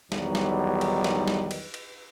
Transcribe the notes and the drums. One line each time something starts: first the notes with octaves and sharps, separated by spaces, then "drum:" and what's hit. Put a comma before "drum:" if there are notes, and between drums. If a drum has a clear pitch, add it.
B1 E2 D#3 F#3 G3, drum: snare
drum: snare
drum: cymbal
drum: snare
drum: snare
drum: cymbal
drum: cymbal